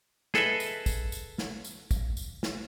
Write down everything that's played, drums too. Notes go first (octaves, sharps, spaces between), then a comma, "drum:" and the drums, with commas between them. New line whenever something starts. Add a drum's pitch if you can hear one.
G#4 A4 B4 D#5 E5, drum: snare
drum: tambourine
drum: kick, tambourine
drum: tambourine
drum: snare
drum: tambourine
drum: kick, tambourine
drum: tambourine
drum: snare